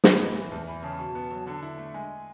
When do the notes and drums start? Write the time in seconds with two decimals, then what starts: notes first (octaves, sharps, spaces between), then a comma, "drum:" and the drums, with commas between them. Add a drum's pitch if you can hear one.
0.04 G#2 B5, drum: snare
0.19 B3
0.35 E3
0.51 E2 A5
0.67 E3 B5
0.82 C#3 A5
0.99 B2
1.15 B3
1.31 F#3
1.47 D3
1.63 E4
1.78 A3
1.94 G#3 G#5